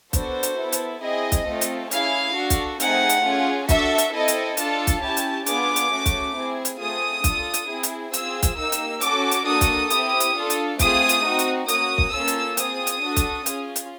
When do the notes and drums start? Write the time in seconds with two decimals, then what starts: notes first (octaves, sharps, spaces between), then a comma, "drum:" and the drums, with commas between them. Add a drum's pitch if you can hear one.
0.13 B3 D4 F#4 A4 C5, drum: kick, hi-hat
0.43 drum: hi-hat
0.58 B3 E4 A4
0.73 drum: hi-hat
1.02 C4 E4 G#4 D#5
1.32 drum: kick, hi-hat
1.46 A3 C4 F4 A4
1.61 drum: hi-hat
1.91 C#4 E4 G#4 F5, drum: hi-hat
2.35 D4 F#4 A4
2.50 drum: kick, hi-hat
2.80 A3 C4 D#4 G#4 F#5, drum: hi-hat
3.09 drum: hi-hat
3.25 C#4 F4 G#4
3.69 D4 F#4 A4 E5, drum: kick, hi-hat
3.98 drum: hi-hat
4.13 C4 E4 A4 D#5
4.28 drum: hi-hat
4.57 D4 F4 A4 A5, drum: hi-hat
4.87 drum: kick, hi-hat
5.01 C#4 E4 G4 A5
5.17 drum: hi-hat
5.46 B3 D4 F4 G#4 D6, drum: hi-hat
5.76 drum: hi-hat
5.91 A3 C#4 F#4
6.06 drum: kick, hi-hat
6.36 C4 E4 G#4
6.65 drum: hi-hat
6.80 A3 C4 F4 G#4 D#6
7.24 D4 F4 A4, drum: kick, hi-hat
7.54 drum: hi-hat
7.69 C4 E4 G#4
7.83 drum: hi-hat
8.14 C4 F4 G#4 E6, drum: hi-hat
8.43 drum: kick, hi-hat
8.57 A#3 D#4 G4 E6
8.72 drum: hi-hat
9.01 C#4 F#4 A4 D6, drum: hi-hat
9.31 drum: hi-hat
9.46 A#3 D4 F#4 A4 D#6
9.61 drum: kick, hi-hat
9.90 C4 E4 G4 D#6, drum: hi-hat
10.20 drum: hi-hat
10.35 D4 F4 A4
10.50 drum: hi-hat
10.79 A3 C4 F4 G#4 D#6, drum: kick, hi-hat
11.09 drum: hi-hat
11.24 C4 D#4 F#4
11.39 drum: hi-hat
11.68 A#3 C#4 F#4 D#6, drum: hi-hat
11.98 drum: kick
12.13 A#3 C#4 F4 A4 E6
12.28 drum: hi-hat
12.57 C4 F4 G#4 D#6, drum: hi-hat
12.87 drum: hi-hat
13.01 D4 F#4 A4
13.16 drum: kick, hi-hat
13.46 C#4 F4 G#4, drum: hi-hat
13.76 drum: hi-hat